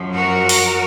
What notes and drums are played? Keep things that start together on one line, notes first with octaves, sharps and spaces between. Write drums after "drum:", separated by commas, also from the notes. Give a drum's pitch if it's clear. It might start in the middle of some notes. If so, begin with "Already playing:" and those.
Already playing: F#2 F3
F#4 A#4
drum: open hi-hat